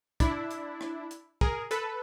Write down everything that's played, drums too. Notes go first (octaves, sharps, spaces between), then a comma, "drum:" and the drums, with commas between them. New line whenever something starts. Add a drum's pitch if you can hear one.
D4 E4, drum: kick, hi-hat
drum: hi-hat
drum: rim click
drum: hi-hat
G#4 A#4, drum: kick
A4 B4, drum: hi-hat